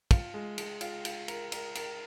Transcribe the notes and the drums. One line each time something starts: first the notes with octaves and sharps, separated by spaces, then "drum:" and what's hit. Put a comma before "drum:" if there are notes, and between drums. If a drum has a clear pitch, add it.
F4, drum: kick, cymbal
G#3
G#3, drum: cymbal
F4, drum: cymbal
F4, drum: cymbal
A#4, drum: cymbal
A#4, drum: cymbal
A#4, drum: cymbal